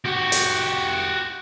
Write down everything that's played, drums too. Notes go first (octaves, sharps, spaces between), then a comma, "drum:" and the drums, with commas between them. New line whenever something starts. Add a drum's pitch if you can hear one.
F#4 G4
drum: hi-hat